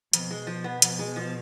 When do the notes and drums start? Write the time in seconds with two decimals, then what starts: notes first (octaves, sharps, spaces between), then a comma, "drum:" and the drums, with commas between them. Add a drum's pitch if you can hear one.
0.13 F2 B2, drum: hi-hat
0.31 G#3
0.47 F3
0.64 B3
0.82 F2, drum: hi-hat
0.99 G#3
1.16 F3